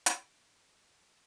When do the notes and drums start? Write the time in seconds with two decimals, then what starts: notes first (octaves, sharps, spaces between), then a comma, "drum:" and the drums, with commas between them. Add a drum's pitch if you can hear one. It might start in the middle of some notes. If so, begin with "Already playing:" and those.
0.06 D7, drum: hi-hat